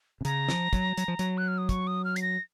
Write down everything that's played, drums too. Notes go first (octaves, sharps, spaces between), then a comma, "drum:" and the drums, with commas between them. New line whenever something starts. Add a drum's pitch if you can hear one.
C3
C#3 A#5, drum: hi-hat
F3, drum: snare
F#3, drum: kick, hi-hat
F#3, drum: hi-hat
F3
F#3, drum: hi-hat
F#6
F6
D#6
C#6, drum: kick, hi-hat
D#6
F6
C7, drum: hi-hat
A#6